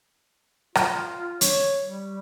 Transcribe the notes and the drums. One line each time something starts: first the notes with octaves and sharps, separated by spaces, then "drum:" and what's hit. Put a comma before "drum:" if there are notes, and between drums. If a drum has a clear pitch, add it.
F4, drum: rim click
C#5, drum: hi-hat
G3